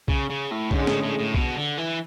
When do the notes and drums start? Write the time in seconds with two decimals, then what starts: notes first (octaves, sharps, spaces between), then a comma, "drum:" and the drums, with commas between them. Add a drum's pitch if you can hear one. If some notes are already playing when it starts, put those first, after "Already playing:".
0.08 C#3, drum: kick
0.30 C#3
0.51 A2
0.71 G#2 D3 G#3 C#4 G#4, drum: kick
0.87 A2, drum: snare
1.03 A2
1.19 A2
1.34 B2, drum: kick
1.56 D3
1.77 E3